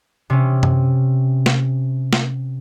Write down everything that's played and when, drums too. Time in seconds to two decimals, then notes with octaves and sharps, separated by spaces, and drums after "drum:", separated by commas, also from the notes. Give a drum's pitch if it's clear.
0.30 C3 C#4
0.63 drum: tom F#2
1.46 drum: snare
2.13 drum: snare